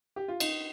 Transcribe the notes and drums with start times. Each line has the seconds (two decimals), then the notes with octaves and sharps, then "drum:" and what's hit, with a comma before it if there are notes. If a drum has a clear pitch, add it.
0.16 G4
0.28 F4
0.40 D#4, drum: cymbal